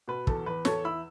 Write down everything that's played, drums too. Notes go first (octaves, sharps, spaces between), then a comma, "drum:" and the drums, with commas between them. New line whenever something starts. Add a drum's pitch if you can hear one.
B2 B4
E2 A4, drum: kick
E2 B4
E2 A4 C#5, drum: snare
E4 B5 E6